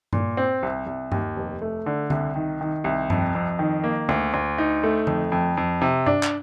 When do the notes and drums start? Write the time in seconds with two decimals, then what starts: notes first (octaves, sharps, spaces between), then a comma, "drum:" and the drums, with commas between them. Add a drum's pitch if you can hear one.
0.13 A#2, drum: tom G2
0.37 C4
0.63 C2
0.87 C2
1.12 D#2, drum: tom G2
1.36 F1
1.62 A3
1.86 D3
2.10 C2, drum: tom D3
2.36 D#3
2.61 D#3
2.84 C2
3.10 F2, drum: tom G2
3.35 F2
3.59 D#3
3.84 A#3
4.09 D2, drum: tom D3
4.34 D2
4.58 D#4
4.83 A3
5.07 F2, drum: tom D3
5.32 F2
5.57 F2
5.81 C3
6.06 D4, drum: tom G2
6.23 drum: clap